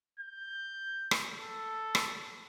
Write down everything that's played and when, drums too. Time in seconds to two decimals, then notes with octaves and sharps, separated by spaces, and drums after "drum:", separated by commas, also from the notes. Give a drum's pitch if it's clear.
0.20 G6
1.11 drum: rim click
1.39 A4
1.95 drum: rim click